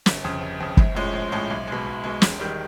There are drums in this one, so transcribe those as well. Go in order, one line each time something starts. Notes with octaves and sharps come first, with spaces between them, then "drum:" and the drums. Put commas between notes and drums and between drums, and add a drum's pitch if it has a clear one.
G1, drum: snare
F2 C#3
G1
F2 C#3
A#1, drum: kick
A2 F3 G#3 C#4
A#1
A2 F3 G#3 C#4
B1
B2 G#3
B1
B2 G#3
E1, drum: snare
D#3 G3